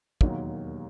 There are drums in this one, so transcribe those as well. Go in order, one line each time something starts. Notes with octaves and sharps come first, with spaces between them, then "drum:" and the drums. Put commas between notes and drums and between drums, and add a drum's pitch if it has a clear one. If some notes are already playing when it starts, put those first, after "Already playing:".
E1 D#2 D#3 F#3 A#3, drum: kick